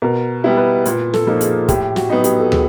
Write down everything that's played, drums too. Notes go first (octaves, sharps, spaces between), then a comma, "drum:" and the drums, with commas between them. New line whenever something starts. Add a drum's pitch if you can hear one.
B2 A#4
G3 B3 E4
B4
A#2 B4, drum: hi-hat
A4, drum: snare
F3 A#3 D#4
G#4, drum: hi-hat
A2 G4, drum: kick, hi-hat
F#4, drum: snare
F#3 B3 D#4
G4, drum: hi-hat
A4
G#4, drum: tom